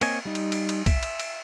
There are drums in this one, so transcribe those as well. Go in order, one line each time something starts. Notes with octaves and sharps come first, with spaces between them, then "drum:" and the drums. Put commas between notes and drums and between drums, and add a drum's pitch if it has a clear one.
A#3 C4 C#5 D#5 G#5, drum: cymbal
G3 D#4
drum: cymbal
drum: cymbal
drum: cymbal
E5, drum: kick, cymbal
drum: cymbal
drum: cymbal